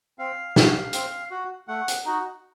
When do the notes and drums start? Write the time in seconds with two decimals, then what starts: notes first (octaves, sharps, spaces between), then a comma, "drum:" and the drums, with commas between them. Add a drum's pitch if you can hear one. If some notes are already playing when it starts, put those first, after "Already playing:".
0.19 C4 F5
0.56 F#4, drum: snare
0.93 C4, drum: hi-hat
1.31 F#4
1.68 A3 F#5
1.88 drum: hi-hat
2.06 D#4 F#4